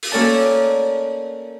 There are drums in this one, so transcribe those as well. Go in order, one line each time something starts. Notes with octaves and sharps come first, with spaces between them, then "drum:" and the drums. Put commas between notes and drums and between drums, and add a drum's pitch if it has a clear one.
drum: open hi-hat
A#3 C#4 A4 D5 A5